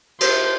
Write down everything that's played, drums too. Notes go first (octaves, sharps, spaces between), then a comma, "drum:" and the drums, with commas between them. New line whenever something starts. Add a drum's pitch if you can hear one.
C5, drum: cymbal